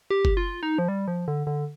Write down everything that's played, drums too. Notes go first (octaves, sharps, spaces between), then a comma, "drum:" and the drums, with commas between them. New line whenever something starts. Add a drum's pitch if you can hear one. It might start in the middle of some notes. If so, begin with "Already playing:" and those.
G4
drum: kick F#1
F4
D#4
F3
G3
F3
D3
D3